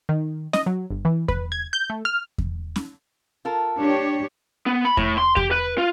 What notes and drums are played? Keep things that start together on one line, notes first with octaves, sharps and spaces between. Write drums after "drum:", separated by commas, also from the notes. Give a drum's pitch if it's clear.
D#3
D#5, drum: snare
F#3
G1
E3
B4, drum: kick E2
G#6
G6
A3
F6
drum: kick E2
drum: snare
F4 A4 A#4
D4 G4 C#5
B3
B5
A2, drum: kick E2
C6
G4, drum: kick E2
B4
F4